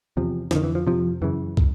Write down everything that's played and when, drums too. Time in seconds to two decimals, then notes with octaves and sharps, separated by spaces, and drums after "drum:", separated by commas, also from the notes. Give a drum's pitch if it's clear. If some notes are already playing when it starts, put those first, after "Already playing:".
0.17 E2 C3 F3
0.51 F2 D3 D#3, drum: snare
0.64 E3
0.75 F3
0.87 F2 C3 F3
1.22 F#2 C#3 E3
1.57 drum: kick